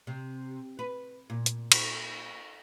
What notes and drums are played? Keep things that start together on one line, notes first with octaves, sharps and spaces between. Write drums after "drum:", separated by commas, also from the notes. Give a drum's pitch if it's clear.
C3
B4
A#2
drum: hi-hat
drum: cymbal